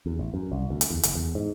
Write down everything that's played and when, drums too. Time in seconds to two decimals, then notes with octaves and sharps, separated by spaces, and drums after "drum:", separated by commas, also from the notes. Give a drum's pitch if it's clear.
0.06 E2
0.19 A1
0.34 F#2
0.52 C2
0.70 D2
0.81 drum: hi-hat
0.90 E2
1.03 F#1, drum: hi-hat
1.15 E2
1.35 G#2